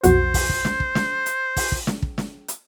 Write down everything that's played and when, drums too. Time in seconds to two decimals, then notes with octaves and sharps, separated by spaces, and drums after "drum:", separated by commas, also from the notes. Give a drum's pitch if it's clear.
0.03 B1 F2 F#4 C5, drum: hi-hat
0.34 drum: kick, open hi-hat
0.49 drum: kick
0.65 drum: snare
0.80 drum: kick
0.95 drum: snare
1.26 drum: hi-hat
1.57 drum: kick, open hi-hat
1.72 drum: kick
1.87 drum: snare
2.02 drum: kick
2.18 drum: snare
2.48 drum: hi-hat